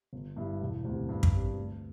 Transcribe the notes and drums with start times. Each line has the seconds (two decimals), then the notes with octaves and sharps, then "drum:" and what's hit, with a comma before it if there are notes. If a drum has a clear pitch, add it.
0.13 G1
0.37 G2 G3 E4
0.61 E1
0.84 D2
0.90 C3
1.09 G2
1.23 drum: kick
1.33 G3 C4
1.58 D2